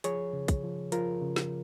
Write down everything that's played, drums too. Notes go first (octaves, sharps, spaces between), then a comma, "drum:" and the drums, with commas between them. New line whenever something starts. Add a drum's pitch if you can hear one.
F3 G#4 C#5, drum: hi-hat
C#3
drum: kick, hi-hat
F3
F3 F4 A#4, drum: hi-hat
C#3
drum: snare